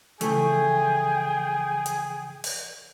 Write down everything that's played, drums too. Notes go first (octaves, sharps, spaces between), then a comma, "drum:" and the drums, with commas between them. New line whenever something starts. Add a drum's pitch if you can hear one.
C#3 E3 F3 A3 G#4 G5, drum: hi-hat
drum: hi-hat
drum: open hi-hat